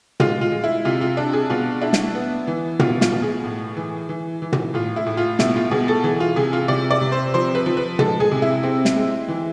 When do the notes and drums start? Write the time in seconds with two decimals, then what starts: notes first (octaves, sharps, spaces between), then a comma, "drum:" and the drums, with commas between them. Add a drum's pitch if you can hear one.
0.20 G#3 F4, drum: tom
0.41 F4
0.52 G#3
0.64 E4
0.85 C3 F4
1.01 F4
1.17 D4
1.33 G#4
1.50 B2 F4
1.82 D4 E4
1.93 drum: snare
2.15 B3
2.47 E3
2.79 B2 F4, drum: tom
3.01 F4, drum: snare
3.12 B2
3.22 G#4
3.44 A2
3.77 E3
4.09 E3
4.42 E3
4.52 drum: tom
4.74 A2 F4
4.96 E4
5.06 A2
5.17 F4
5.39 B2 E4, drum: snare
5.56 F4
5.71 B2 G#4
5.88 A4
6.04 E3 G#4
6.20 F4
6.36 C3 G#4
6.53 F4
6.68 C3 D5
6.91 D5
7.01 C3
7.12 C5
7.34 F3 C5
7.55 B4
7.66 F3
7.77 B4
7.99 G#3 A4, drum: tom
8.20 G#4
8.31 C3
8.42 E4
8.63 C4
8.85 drum: snare
8.96 G#3
9.28 E3